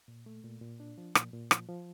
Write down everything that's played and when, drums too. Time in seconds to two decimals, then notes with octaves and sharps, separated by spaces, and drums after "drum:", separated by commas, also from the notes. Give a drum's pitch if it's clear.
0.08 A#2
0.26 A3
0.44 A#2
0.61 A#2
0.80 D4
0.98 F3
1.15 A#2, drum: rim click
1.33 A#2
1.51 F3, drum: rim click
1.69 F3